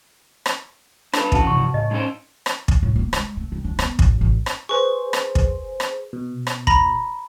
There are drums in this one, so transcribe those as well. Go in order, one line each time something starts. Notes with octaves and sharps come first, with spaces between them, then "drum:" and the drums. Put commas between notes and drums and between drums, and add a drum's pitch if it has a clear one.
drum: rim click
D4 A4 B4, drum: rim click
E2 C#4 F#4 A5, drum: kick
G2 C3 F3 C#6
A2 C#3 D#5
G#3 C#4 D#4 C5
drum: rim click
drum: kick
A2
A#3
G#3, drum: rim click
A3
D#3
D4
B3, drum: rim click
A1, drum: kick
A1
drum: rim click
G#4 B4 C5 C#6
drum: rim click
drum: kick
drum: rim click
B2
drum: rim click
A#5 B5 A#6, drum: kick